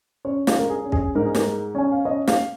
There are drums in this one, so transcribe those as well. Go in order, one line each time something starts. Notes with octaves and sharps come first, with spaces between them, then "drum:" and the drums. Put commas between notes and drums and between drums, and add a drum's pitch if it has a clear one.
C#4 C#5
F4, drum: snare
G#3 A#4
G#4
C#4
G#4, drum: kick
G#2 A#4
G#4
A#4, drum: snare
G#3
C#4 G#5
F5
C#4 D#5
F5, drum: snare